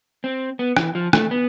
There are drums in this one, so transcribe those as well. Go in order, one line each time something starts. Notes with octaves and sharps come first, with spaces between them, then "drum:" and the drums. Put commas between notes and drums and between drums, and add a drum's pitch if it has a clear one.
C4
B3
E3, drum: rim click
F3
A3, drum: rim click
B3